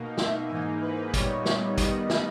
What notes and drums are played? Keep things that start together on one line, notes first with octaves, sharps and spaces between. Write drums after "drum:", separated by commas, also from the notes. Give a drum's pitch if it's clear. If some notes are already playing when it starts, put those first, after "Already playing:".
Already playing: B2 A#3 D#4
E5, drum: snare
G#2 E3 A#3 D#4 G#5
B4
A#2 G3 B3 D#4 C#5, drum: kick G#1, hi-hat
drum: snare
D#3 G3 B3 D#5, drum: kick G#1, hi-hat
drum: snare